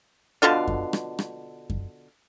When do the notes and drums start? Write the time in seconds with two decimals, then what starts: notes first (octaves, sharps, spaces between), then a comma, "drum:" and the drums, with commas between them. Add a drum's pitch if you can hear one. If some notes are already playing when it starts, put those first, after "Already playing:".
0.42 B2 D3 F4 F5
0.68 drum: kick F#2
0.93 drum: rim click
1.19 drum: rim click
1.70 drum: kick F#2